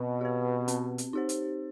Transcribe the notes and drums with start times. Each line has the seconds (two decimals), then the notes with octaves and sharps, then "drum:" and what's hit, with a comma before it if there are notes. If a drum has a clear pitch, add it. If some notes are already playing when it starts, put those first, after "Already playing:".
Already playing: B2 C4
0.21 G4 B4
0.68 C4, drum: hi-hat
0.98 drum: hi-hat
1.13 D#4 G4 C5
1.29 drum: hi-hat